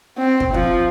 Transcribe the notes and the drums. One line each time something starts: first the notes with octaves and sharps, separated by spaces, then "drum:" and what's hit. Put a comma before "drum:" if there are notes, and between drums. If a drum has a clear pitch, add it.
C4
drum: kick
F3, drum: kick